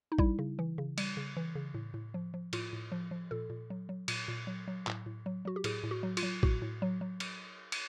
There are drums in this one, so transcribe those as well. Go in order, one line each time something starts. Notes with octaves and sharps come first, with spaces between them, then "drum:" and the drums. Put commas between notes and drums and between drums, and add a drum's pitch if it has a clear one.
D#4
G3 E4, drum: kick
C#3
E3
C#3
G3, drum: cymbal
C#3
E3
C#3
A2
A2
F3
F3
A2 F4, drum: cymbal
A2
F3
F3
A#2 A4
A#2
F#3
F#3
A#2, drum: cymbal
A#2
F#3
F#3
A2, drum: clap
A2
F#3
F#3 F#4
G4
A2 G#4, drum: cymbal
A2
F#4
F#3
F4, drum: cymbal
F#3
A2 F#4, drum: kick
A2
F#3
F#3
drum: cymbal
drum: cymbal